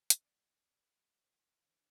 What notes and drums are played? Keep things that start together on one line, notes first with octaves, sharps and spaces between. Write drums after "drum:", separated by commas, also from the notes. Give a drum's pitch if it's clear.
D4 D#4 F#4, drum: hi-hat
D5
B4
G#2
F4
D3 E3 C4